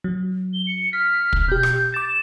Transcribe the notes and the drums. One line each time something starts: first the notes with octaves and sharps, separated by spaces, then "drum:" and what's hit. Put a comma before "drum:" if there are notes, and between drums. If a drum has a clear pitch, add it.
F#3
G7
C#7
F6 B6
drum: kick
B2 G4 G6
drum: rim click
D6 A6 E7